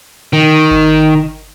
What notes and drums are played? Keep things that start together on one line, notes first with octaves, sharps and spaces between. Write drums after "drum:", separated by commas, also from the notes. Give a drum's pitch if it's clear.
D#3
drum: kick G#1